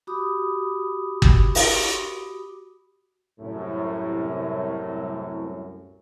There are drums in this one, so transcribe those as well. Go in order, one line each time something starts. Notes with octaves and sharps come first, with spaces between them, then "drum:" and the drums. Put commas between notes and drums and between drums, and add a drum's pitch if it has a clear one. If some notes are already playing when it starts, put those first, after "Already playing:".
F#4 G4 B5 D6 D#6
drum: kick
drum: open hi-hat
C2 F#2 A2